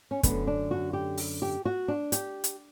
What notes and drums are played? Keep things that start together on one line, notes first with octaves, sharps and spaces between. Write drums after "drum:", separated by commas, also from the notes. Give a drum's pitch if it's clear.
C#4
F#2 D3 A3 B3, drum: kick, hi-hat
D4
F#4
G4
drum: open hi-hat
G4
F#4
D4
G4, drum: hi-hat
drum: hi-hat